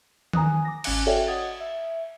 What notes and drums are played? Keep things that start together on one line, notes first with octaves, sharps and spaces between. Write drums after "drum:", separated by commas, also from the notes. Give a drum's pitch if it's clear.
G#5 A#5 D#6 F#6, drum: tom D#3
D6 A#6
G#1 C#4 G#5 D6 F#6 C#7, drum: cymbal
F#4 A4 C#5 D5 E5 G5
D#5 F#5 D#6 G#6 A6
E5